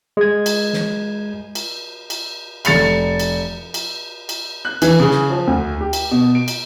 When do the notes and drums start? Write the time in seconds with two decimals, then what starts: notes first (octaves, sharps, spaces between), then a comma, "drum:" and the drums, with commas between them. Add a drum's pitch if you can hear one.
0.17 G#3 G#6
0.46 drum: cymbal
0.73 drum: snare
1.55 drum: cymbal
2.10 drum: cymbal
2.65 F1 A6 C#7 F7, drum: cymbal
3.20 drum: cymbal
3.74 drum: cymbal
4.29 drum: cymbal
4.65 F#6
4.82 E3, drum: cymbal
5.00 C#3
5.11 drum: snare
5.30 F3
5.47 D2
5.81 G4
5.93 drum: cymbal
6.11 B2
6.35 D7
6.48 drum: cymbal